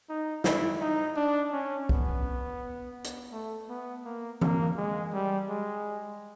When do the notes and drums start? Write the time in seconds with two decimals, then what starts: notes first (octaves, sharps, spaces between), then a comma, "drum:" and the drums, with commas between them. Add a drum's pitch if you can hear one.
0.09 D#4
0.44 E4, drum: snare
0.81 D#4
1.16 D4
1.53 C#4
1.89 B3, drum: kick
3.04 drum: hi-hat
3.32 A3
3.69 B3
4.05 A#3
4.41 A#3, drum: tom E3
4.77 G#3
5.13 G3
5.49 G#3